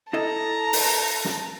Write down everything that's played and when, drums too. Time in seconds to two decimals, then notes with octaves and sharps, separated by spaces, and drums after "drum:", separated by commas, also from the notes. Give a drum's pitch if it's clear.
0.13 E4 A4 D#5 A5 A#5
0.73 drum: open hi-hat
1.25 drum: snare